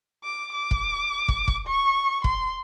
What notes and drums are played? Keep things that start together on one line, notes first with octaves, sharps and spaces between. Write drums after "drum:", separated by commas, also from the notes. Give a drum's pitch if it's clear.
D6
D6
drum: kick
drum: kick
drum: kick
C#6
C6, drum: kick